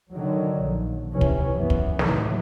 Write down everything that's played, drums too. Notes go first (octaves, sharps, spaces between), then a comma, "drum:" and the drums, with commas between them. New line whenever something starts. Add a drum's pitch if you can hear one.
D3 D#3 F#3
A#1
C3 E3 C#4
drum: kick
F#2 E3 B3
drum: kick
D#2 A2 E3 F#3, drum: snare